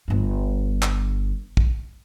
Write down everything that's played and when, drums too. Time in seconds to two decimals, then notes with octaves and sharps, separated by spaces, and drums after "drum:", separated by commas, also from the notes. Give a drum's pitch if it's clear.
0.08 G1 G2
0.82 drum: clap
1.57 drum: kick